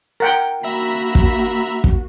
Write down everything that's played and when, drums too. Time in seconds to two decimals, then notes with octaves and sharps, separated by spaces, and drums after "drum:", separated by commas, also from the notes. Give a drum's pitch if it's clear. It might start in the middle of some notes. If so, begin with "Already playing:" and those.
0.20 A#4 F#5 G5
0.63 A#3 F#4 E5 A#5 B5
1.15 drum: kick
1.84 drum: kick